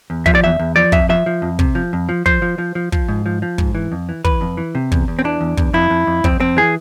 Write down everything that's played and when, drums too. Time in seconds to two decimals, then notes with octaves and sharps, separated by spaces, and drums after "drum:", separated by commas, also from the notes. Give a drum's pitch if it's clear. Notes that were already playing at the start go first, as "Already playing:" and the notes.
0.10 E2
0.26 F3 E5, drum: kick
0.35 D5
0.43 E2 E5
0.59 E2
0.76 F3 D5
0.92 F2 E5, drum: kick
1.10 F3 E5
1.26 F3
1.42 F2
1.59 C3, drum: kick
1.75 F3
1.93 F2
2.09 F3
2.26 F3 C5, drum: kick
2.42 F3
2.58 F3
2.75 F3
2.92 F3, drum: kick
3.08 G#2
3.26 F3
3.42 F3
3.58 G#2, drum: kick
3.75 E3
3.92 F2
4.09 E3
4.25 E3 B4, drum: kick
4.41 F2
4.57 E3
4.75 C3
4.92 E2, drum: kick
5.08 E2
5.19 C4
5.24 E3 D4
5.41 E2
5.57 E2, drum: kick
5.73 F2 E4
5.90 F2
6.07 F2
6.24 F2 C4, drum: kick
6.40 F2 C4
6.57 E3 G#4